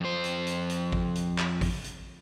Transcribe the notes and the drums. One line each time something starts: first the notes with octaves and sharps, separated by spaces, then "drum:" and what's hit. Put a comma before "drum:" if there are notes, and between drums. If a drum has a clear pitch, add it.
F2 C5
drum: hi-hat
drum: hi-hat
drum: hi-hat
drum: kick
drum: hi-hat
drum: clap
drum: kick, open hi-hat
drum: hi-hat